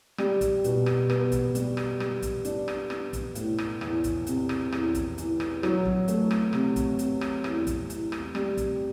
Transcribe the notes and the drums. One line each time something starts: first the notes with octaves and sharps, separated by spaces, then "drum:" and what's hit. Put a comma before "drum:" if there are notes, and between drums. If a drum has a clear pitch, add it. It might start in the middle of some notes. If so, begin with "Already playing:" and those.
G3, drum: rim click
drum: kick, hi-hat
B2, drum: hi-hat
drum: rim click
B3, drum: rim click
drum: kick, hi-hat
G3, drum: hi-hat
drum: rim click
G3, drum: rim click
drum: kick, hi-hat
D4, drum: hi-hat
drum: rim click
D4, drum: rim click
drum: kick, hi-hat
A2, drum: hi-hat
drum: rim click
E2, drum: rim click
drum: kick, hi-hat
C3, drum: hi-hat
drum: rim click
E2, drum: rim click
drum: kick, hi-hat
E3, drum: hi-hat
drum: rim click
F#3, drum: rim click
drum: kick
A3, drum: hi-hat
drum: rim click
C3, drum: rim click
drum: kick, hi-hat
C3, drum: hi-hat
drum: rim click
E2, drum: rim click
drum: kick, hi-hat
E2, drum: hi-hat
drum: rim click
G3, drum: rim click
drum: kick, hi-hat